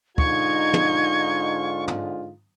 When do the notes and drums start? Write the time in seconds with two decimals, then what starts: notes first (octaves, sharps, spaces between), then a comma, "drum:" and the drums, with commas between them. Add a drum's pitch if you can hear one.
0.18 G#2 D3 D#4 F4 C#6 G#6, drum: kick
0.73 drum: tom
1.88 drum: tom